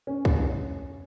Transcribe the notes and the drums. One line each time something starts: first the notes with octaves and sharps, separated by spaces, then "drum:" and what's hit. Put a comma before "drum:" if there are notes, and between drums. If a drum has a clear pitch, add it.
C#4
drum: kick